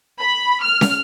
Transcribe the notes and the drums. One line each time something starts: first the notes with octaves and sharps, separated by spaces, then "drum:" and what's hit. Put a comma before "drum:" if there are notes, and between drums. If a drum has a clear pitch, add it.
B5
F6
drum: snare